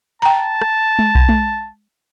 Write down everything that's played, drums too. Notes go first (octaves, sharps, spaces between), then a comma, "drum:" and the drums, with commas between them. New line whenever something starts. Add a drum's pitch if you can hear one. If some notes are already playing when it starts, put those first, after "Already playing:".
G5 A5 A#5
drum: rim click
drum: tom G#3
drum: kick B1
drum: tom G#3